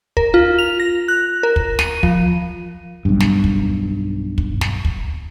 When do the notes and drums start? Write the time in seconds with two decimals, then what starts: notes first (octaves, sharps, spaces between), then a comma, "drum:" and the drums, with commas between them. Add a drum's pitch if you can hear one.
0.17 A#4, drum: kick
0.34 F4
0.58 F7
0.80 A#6
1.08 F#6
1.43 A#4
1.56 drum: kick
1.79 D#7, drum: snare
2.03 F3, drum: kick
3.05 B1 G2
3.20 drum: snare
3.44 drum: kick
4.38 drum: kick
4.61 drum: snare
4.85 drum: kick